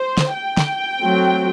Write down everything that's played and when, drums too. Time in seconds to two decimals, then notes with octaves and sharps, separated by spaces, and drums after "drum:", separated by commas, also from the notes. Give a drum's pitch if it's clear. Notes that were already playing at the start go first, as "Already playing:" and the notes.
Already playing: C5
0.18 drum: snare
0.34 G5
0.57 drum: snare
1.00 F#3 A3 C4